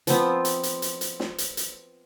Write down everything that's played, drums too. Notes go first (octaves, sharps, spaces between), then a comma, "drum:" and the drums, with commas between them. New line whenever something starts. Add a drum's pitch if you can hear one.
F3 B3 C4 F4, drum: hi-hat
drum: hi-hat
drum: hi-hat
drum: hi-hat
drum: hi-hat
drum: snare
drum: hi-hat
drum: hi-hat